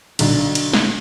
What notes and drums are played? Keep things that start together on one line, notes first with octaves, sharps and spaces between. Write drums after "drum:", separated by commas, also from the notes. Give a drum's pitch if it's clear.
B1 D3, drum: cymbal
drum: cymbal
drum: snare